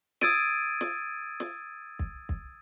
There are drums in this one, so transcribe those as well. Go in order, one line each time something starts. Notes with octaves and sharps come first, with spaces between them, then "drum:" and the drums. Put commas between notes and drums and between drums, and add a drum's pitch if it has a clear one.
D#6 E6 G#6 A6 D7 D#7, drum: snare
drum: snare
drum: snare
drum: kick
drum: kick